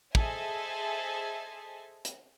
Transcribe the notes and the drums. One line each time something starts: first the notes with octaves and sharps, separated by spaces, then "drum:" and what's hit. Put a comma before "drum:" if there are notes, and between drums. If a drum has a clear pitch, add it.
G#4 A4 C5 D#5 E5 G#5, drum: kick
drum: hi-hat